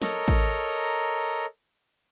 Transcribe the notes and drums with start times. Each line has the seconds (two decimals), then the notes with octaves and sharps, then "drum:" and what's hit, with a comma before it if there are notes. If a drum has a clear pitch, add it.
0.02 A4 A#4 C#5 D#5 A#5, drum: snare
0.28 drum: kick A1